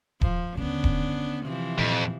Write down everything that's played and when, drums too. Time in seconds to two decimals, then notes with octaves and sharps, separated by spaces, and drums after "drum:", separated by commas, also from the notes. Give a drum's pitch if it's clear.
0.21 F3, drum: kick D#1
0.57 D#2 D3 B3 C#4 D4
0.84 drum: kick D#1
1.45 C3 E3 F3
1.78 F2 A#2